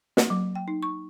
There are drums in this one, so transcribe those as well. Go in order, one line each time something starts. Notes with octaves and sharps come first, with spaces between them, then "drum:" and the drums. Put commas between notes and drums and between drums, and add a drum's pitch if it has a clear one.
A#3, drum: snare
F#3
G5
D#4
C#6